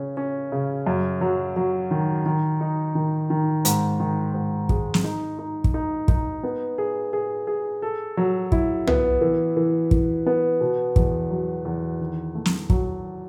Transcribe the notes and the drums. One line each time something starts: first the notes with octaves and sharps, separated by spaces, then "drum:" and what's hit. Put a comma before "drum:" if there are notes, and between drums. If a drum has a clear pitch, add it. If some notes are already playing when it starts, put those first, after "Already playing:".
Already playing: C#3 C#4
C#4
C#3
F#2
F#3
F#3
D#3
D#3
D#4
D#3
D#3
G#2, drum: hi-hat
D#3
G#2
G#3, drum: kick
drum: snare
D#4
D#4
drum: kick
D#4
D#4, drum: kick
B3
G#4
G#4
G#4
A4
F#3
E4, drum: kick
B3, drum: tom
E3
E3
E3, drum: kick
B3
B2
E2, drum: kick
F#3
E2
D#3
A3
drum: snare
F#3, drum: kick